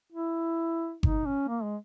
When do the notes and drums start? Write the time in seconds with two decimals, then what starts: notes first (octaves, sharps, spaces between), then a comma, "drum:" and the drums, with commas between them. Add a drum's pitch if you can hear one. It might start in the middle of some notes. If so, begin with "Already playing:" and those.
0.13 E4
1.03 D#4, drum: kick G1
1.26 C#4
1.48 A#3
1.63 G#3